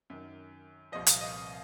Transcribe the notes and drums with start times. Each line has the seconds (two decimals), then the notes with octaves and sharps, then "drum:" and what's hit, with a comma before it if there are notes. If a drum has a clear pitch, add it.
0.10 F#2 D#3
0.92 C2 A#2 F3 D#5
1.07 F5, drum: hi-hat
1.21 D#5